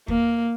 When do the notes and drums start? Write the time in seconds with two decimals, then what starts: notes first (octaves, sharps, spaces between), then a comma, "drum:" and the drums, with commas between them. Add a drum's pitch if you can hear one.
0.08 A#3, drum: kick